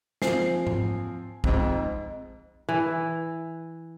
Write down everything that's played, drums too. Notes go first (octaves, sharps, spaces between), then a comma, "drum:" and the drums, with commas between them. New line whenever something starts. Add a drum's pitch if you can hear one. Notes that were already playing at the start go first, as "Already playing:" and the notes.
F3 C4 G#5 C7, drum: snare
drum: tom G#2
F2 G#2, drum: kick
E3